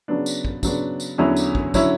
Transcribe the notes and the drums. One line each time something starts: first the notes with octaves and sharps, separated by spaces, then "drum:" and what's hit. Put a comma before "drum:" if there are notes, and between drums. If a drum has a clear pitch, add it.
C#3 F#3 B3 D4
drum: tambourine
drum: kick
C#3 F#3 B3 D4, drum: kick, tambourine
drum: tambourine
E2 D3 F#3 C#4 E4
drum: tambourine
drum: kick
D3 F#3 C#4 E4, drum: kick, tambourine